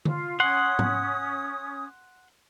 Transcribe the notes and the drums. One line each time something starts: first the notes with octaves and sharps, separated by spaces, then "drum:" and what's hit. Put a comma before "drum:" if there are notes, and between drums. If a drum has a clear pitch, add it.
F4, drum: tom D3
C#4 F#5 C6 D#6
drum: tom